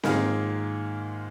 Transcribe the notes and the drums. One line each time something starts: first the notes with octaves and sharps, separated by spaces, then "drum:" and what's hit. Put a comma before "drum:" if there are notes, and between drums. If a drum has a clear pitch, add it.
G#2 D#3 A#3 F4 G#4, drum: snare C4